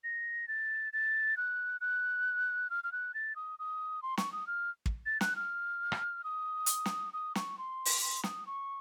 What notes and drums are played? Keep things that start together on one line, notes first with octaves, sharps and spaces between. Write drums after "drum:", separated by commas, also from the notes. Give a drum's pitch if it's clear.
A#6
A6
A6
F#6
F#6
F6
F6
F#6
A6
D#6
D#6
C6
C#6, drum: snare
D#6
F6
drum: kick
A6
F#6, drum: snare
F6
drum: rim click
D#6
drum: hi-hat
drum: snare
D#6
C#6, drum: snare
C6
drum: open hi-hat
C6
D#6, drum: snare
C#6